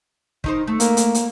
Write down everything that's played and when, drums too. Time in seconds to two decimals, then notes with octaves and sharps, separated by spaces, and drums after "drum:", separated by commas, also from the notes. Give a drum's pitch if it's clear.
0.44 D#3 D#4 C5, drum: kick
0.67 A3
0.80 A#3, drum: hi-hat
0.97 drum: hi-hat
1.15 drum: hi-hat